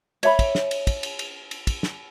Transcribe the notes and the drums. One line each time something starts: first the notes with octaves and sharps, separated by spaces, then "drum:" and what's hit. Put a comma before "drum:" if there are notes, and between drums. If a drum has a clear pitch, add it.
C#5 E5 B5, drum: cymbal
drum: kick, cymbal
drum: snare
drum: cymbal
drum: kick, cymbal
drum: cymbal
drum: cymbal
drum: cymbal
drum: kick, cymbal
drum: snare